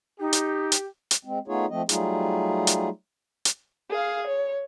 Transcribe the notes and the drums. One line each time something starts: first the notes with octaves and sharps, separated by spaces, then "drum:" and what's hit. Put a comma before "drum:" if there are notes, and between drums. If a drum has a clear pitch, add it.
D#4 G4
drum: hi-hat
drum: hi-hat
drum: hi-hat
G#3 C4
A3 B3 D#4 F4 G#4 C#5
F3 A3 C4 D#5
F#3 G3 A3 D#4 F4 G#4, drum: hi-hat
drum: hi-hat
drum: hi-hat
G#4 F5
C#5